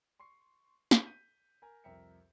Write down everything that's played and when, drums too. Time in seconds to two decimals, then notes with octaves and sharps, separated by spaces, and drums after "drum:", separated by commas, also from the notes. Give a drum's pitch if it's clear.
0.20 C6 C#6 C7
0.91 drum: snare
1.06 G6 B6 D#7
1.62 A#4 G#5 A#5
1.84 C2 F2 A#4 E5 G5 C#7